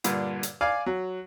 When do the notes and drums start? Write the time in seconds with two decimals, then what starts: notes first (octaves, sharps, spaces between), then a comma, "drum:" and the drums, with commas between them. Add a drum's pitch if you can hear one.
0.04 G2 A#2 D3, drum: hi-hat
0.43 drum: hi-hat
0.61 D5 F5 G#5 D6
0.86 F#3